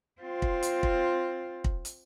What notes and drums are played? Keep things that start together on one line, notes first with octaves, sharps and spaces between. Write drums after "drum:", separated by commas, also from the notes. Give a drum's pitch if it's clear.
C4 F4
drum: kick
drum: hi-hat
drum: kick
drum: kick
drum: hi-hat